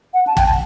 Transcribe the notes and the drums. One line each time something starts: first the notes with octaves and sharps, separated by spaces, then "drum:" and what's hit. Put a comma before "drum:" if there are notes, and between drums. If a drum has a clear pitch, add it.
F#5
A5
G5, drum: kick